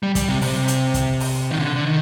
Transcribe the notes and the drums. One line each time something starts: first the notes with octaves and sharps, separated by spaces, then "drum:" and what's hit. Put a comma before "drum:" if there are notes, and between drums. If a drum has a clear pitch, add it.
G3
G3, drum: kick, hi-hat
C3
C3, drum: open hi-hat
drum: hi-hat
drum: kick, hi-hat
drum: open hi-hat
D#3
D3
D3
D#3